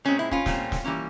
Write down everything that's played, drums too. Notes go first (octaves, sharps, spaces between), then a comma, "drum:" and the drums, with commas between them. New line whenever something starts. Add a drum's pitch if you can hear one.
A#2 G#3 C4 C#4
E4
C#4 F4, drum: kick
A#2 G3 C4, drum: snare
drum: snare
E3 G3 A#3 C#4